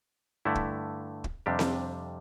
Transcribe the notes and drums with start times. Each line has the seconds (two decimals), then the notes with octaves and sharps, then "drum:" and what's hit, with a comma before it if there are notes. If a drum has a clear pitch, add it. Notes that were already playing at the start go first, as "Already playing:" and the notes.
0.45 G2 D3 A3 E4
0.55 drum: kick
1.24 drum: kick
1.46 F2 C3 G3 D4 G4
1.59 drum: snare C4